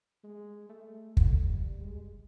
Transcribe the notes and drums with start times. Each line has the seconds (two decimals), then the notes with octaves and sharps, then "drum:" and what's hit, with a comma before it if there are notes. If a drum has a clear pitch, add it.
0.24 G#3
0.69 A3
1.17 drum: kick
1.48 G3
1.79 G#3